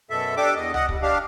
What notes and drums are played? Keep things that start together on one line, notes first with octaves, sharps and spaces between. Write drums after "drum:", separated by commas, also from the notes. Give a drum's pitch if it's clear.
F#2 B2 A4 E5
D4 G4 A4 D6
E2 D#5
D#5 F#5, drum: tom C#2
G3, drum: kick
D4 G4 F5